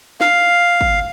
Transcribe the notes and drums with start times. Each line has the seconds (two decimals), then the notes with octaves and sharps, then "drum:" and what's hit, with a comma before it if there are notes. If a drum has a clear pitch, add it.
0.21 F5, drum: snare
0.81 drum: kick